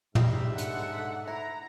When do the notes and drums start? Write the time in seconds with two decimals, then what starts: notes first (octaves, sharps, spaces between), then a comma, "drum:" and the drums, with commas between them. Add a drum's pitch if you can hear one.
0.15 G#2 G3 D#4 E5, drum: tom
0.58 D3 F#5, drum: hi-hat
1.27 E4 A#5